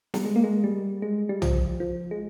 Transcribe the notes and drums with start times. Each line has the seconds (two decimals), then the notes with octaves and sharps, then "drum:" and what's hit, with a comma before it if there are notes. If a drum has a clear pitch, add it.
0.14 G3, drum: snare
0.25 G#3
0.36 A#3
0.44 G#3
0.64 G3
1.02 G#3
1.29 G3
1.42 F3, drum: tom
1.80 F3
2.11 G#3